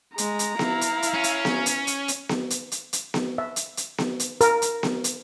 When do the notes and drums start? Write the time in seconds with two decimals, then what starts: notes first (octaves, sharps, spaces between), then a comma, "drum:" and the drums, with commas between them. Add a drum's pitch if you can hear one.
0.18 G#3 A#5, drum: hi-hat
0.39 drum: hi-hat
0.59 E4 F5, drum: snare B3
0.81 drum: hi-hat
1.02 drum: hi-hat
1.14 C#4
1.24 drum: hi-hat
1.45 drum: snare B3
1.66 drum: hi-hat
1.87 drum: hi-hat
2.08 drum: hi-hat
2.29 drum: snare B3
2.50 drum: hi-hat
2.72 drum: hi-hat
2.93 drum: hi-hat
3.14 drum: snare B3
3.38 E5
3.56 drum: hi-hat
3.77 drum: hi-hat
3.98 drum: snare B3
4.20 drum: hi-hat
4.41 A#4, drum: hi-hat
4.62 drum: hi-hat
4.83 drum: snare B3
5.04 drum: hi-hat